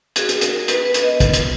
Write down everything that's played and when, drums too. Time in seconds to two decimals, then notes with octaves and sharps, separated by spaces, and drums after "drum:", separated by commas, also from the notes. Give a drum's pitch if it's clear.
0.16 F#4 G#4, drum: hi-hat
0.29 drum: hi-hat
0.41 D#4 A#4, drum: hi-hat
0.59 A#4
0.68 B3 B4, drum: hi-hat
0.86 B4
0.94 B3, drum: hi-hat
1.03 D#5
1.20 B3, drum: kick, hi-hat
1.33 drum: hi-hat